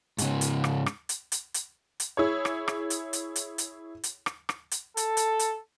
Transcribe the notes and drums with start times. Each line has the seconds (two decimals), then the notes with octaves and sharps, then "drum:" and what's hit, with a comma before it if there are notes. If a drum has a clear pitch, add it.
0.18 G#2 C#3, drum: hi-hat
0.41 drum: hi-hat
0.64 drum: rim click
0.86 drum: rim click
1.09 drum: hi-hat
1.32 drum: hi-hat
1.54 drum: hi-hat
2.00 drum: hi-hat
2.17 E4 G#4 C#5
2.45 drum: rim click
2.68 drum: rim click
2.90 drum: hi-hat
3.13 drum: hi-hat
3.36 drum: hi-hat
3.58 drum: hi-hat
4.04 drum: hi-hat
4.26 drum: rim click
4.49 drum: rim click
4.71 drum: hi-hat
4.97 A4, drum: hi-hat
5.17 drum: hi-hat
5.39 drum: hi-hat